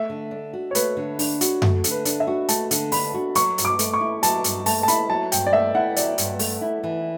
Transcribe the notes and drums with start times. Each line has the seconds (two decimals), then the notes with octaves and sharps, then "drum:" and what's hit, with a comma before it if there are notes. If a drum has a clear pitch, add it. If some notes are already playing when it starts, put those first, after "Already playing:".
Already playing: A3 E5
0.10 D3
0.31 D4
0.53 F#4
0.71 C#5
0.75 A3 B4, drum: hi-hat
0.97 D3
1.19 D4, drum: open hi-hat
1.41 F#4, drum: hi-hat
1.62 A3, drum: tom F#2
1.84 D3, drum: hi-hat
1.91 B4
2.05 D4, drum: hi-hat
2.20 E5
2.27 F#4
2.48 A3 A5, drum: hi-hat
2.71 D3, drum: hi-hat
2.92 D4 B5, drum: open hi-hat
3.14 F#4
3.35 F#3 C#6, drum: hi-hat
3.58 G2, drum: hi-hat
3.65 D6
3.79 A3, drum: hi-hat
3.93 C#6
4.01 E4
4.23 F#3 A5, drum: hi-hat
4.44 G2, drum: hi-hat
4.66 A3 A5, drum: open hi-hat
4.83 A5
4.88 E4 B5, drum: hi-hat
5.10 F#3 A5
5.32 G2 G5, drum: hi-hat
5.47 D5
5.53 A3 E5
5.75 E4 F#5
5.96 F#3 D5, drum: hi-hat
6.18 G2, drum: hi-hat
6.39 A3, drum: open hi-hat
6.61 E4
6.84 E3